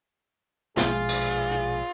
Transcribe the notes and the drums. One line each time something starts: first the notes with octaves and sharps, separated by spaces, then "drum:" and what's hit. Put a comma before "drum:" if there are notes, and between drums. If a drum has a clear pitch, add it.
A#1 B2 G#3 F4 G#4, drum: snare
drum: cymbal
drum: hi-hat